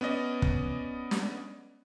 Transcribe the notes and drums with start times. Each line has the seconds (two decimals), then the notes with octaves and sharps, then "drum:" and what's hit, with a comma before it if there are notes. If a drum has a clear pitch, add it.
0.01 B3 C#4 D5 D#5
0.42 drum: kick
1.11 drum: snare